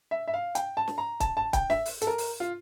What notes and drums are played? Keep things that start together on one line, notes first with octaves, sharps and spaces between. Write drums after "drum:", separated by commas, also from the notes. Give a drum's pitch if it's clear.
E5
E5
F5
G5, drum: hi-hat
A5
drum: snare
A#5
A5, drum: kick C#1, hi-hat
A5
G5, drum: kick C#1, hi-hat
E5, drum: snare
drum: open hi-hat
A4, drum: hi-hat
A#4
drum: open hi-hat
F4